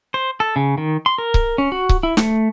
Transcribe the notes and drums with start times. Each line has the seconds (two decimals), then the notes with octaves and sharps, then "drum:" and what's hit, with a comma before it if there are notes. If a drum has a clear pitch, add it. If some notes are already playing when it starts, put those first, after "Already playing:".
0.14 C5
0.40 A4
0.56 C#3
0.78 D#3
1.06 C6
1.18 A#4
1.34 drum: kick C#1
1.58 C#4
1.72 F#4
1.89 drum: kick C#1
2.03 E4
2.17 A3, drum: snare